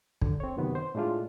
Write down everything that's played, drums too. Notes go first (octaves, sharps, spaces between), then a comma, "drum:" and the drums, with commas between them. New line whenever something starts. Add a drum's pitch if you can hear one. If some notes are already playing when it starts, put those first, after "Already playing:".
D3, drum: kick
C4 C#5
F#2 C3 D#3 F#3 B3
C5
A2 G#3 D4 F4